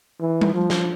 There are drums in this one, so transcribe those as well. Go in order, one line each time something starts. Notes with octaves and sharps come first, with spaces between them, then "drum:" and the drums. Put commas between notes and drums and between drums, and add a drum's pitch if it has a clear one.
E3
drum: tom G3
F3
drum: snare